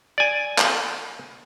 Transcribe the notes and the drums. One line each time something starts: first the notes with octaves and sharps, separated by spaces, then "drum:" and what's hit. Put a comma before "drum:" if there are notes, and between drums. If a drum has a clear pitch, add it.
D5 G#5
drum: clap